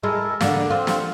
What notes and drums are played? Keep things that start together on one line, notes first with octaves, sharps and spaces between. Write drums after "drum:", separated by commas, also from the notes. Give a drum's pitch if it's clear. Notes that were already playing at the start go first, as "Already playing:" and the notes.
G#3 E4 A4 A#4
D3 A#3 D5, drum: snare
C4 F4
drum: snare